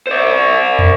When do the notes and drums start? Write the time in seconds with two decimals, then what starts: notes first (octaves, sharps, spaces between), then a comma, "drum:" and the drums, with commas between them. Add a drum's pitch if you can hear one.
0.07 C5 D5
0.79 drum: tom